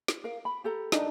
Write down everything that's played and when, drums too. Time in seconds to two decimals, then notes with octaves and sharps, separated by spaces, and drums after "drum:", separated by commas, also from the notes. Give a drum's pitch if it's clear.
0.08 drum: snare
0.24 A#4 F5
0.45 B5
0.64 G4 A4 A#5
0.92 D4 D#4, drum: snare